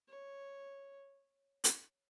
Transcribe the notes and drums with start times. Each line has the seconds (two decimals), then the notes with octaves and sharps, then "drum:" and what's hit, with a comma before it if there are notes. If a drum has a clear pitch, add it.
0.08 C#5
1.64 drum: hi-hat